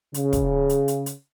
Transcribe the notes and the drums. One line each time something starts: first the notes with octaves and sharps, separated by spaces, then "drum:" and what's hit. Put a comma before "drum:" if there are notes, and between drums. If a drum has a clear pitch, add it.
C#3, drum: hi-hat
drum: kick, hi-hat
drum: hi-hat
drum: hi-hat
drum: hi-hat